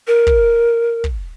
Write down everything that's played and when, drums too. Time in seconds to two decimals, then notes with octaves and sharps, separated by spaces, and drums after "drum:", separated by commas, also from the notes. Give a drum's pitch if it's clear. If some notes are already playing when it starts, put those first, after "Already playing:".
0.07 A#4
0.27 drum: kick
1.04 drum: kick